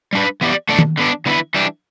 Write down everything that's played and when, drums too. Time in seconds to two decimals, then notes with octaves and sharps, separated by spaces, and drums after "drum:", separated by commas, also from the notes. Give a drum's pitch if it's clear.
0.13 G3 D4 B4
0.41 E3 B3 G4 D5
0.69 B2 A3 D4 A4 D5
0.79 drum: tom
0.98 D3 B3 D4
1.26 D3 B3 E4 B4
1.54 E3 G3 D4